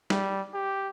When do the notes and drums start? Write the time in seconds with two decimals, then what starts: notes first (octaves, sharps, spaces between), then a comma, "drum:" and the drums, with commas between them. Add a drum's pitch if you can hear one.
0.10 G3, drum: snare
0.54 G4